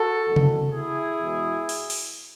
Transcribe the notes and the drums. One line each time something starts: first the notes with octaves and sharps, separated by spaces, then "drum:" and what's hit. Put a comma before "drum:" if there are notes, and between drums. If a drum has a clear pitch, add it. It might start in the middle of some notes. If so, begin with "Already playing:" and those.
Already playing: F#4 A4
F#1 E2 B2 G#3
drum: tom C3
E4 G#4
E2 B2 G#3
drum: open hi-hat
drum: open hi-hat